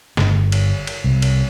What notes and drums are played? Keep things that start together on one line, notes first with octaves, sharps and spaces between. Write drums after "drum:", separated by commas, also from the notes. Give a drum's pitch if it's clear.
G1, drum: snare
drum: cymbal
drum: cymbal
C2
drum: cymbal